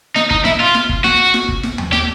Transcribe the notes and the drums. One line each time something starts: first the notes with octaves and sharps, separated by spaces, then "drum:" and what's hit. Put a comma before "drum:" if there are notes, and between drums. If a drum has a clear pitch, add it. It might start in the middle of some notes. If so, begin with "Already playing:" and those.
D#4, drum: snare
D#4, drum: kick
E4, drum: snare
F4
drum: snare
drum: kick
F#4, drum: snare
drum: snare
drum: kick
drum: snare
drum: tom D#2
G4, drum: snare